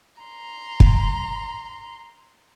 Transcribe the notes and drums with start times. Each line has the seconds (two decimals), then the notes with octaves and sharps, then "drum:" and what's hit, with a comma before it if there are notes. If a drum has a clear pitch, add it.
0.22 A#5 C6
0.80 drum: kick